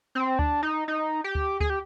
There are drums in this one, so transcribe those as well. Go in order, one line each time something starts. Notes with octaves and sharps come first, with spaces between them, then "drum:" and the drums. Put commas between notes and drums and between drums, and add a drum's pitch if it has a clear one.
C4
D4, drum: kick D2
D#4
D#4
G4
drum: kick D2
G#4, drum: kick D2
G4